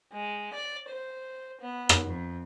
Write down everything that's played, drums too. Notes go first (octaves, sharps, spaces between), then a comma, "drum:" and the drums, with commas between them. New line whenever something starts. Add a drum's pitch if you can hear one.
G#3
D5
C5
B3
drum: rim click
F2